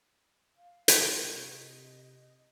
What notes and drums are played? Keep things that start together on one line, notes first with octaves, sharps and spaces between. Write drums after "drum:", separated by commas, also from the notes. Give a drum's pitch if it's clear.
F5
drum: hi-hat
C3 D#5